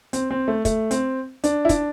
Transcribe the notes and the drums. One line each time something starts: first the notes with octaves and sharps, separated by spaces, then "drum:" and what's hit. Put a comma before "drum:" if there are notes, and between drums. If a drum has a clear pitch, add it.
C4, drum: hi-hat
C4
A3
A3, drum: kick, hi-hat
C4, drum: hi-hat
D4, drum: hi-hat
E4
D4, drum: kick, hi-hat